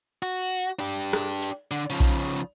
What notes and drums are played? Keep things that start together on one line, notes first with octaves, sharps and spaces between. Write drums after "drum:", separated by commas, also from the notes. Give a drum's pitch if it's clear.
F#4
D4 G4
drum: rim click
drum: hi-hat
D3
C#3 F3
drum: kick A#1, hi-hat